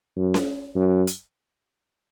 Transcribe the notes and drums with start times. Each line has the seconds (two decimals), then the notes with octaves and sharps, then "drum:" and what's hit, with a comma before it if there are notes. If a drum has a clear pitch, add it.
0.16 F#2
0.34 drum: snare C#4
0.75 F#2
1.07 drum: hi-hat